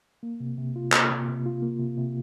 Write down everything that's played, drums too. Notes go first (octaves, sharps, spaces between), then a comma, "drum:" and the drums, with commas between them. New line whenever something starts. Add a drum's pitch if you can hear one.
A#3
C3
C3
F4
A#3, drum: clap
C3
C3
F4
A#3
C3
C3